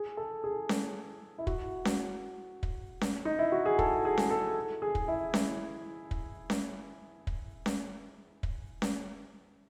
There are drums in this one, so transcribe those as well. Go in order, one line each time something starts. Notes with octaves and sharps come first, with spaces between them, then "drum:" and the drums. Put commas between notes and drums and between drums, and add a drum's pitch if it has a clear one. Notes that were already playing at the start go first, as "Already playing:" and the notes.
Already playing: G#4
A4
G#4
drum: snare C#4
E4
F#4, drum: kick
drum: snare C#4
drum: kick
drum: snare C#4
D#4
E4
F#4
G#4
A4, drum: kick
G#4
drum: snare C#4
A4
G#4
drum: kick
E4
drum: snare C#4
drum: kick
drum: snare C#4
drum: kick
drum: snare C#4
drum: kick
drum: snare C#4